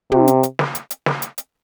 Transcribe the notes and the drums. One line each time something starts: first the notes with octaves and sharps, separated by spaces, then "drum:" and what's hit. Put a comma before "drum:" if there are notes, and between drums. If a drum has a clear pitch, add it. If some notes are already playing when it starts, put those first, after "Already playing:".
C3, drum: tom
drum: hi-hat
drum: hi-hat
drum: snare
drum: hi-hat
drum: hi-hat
drum: snare
drum: hi-hat
drum: hi-hat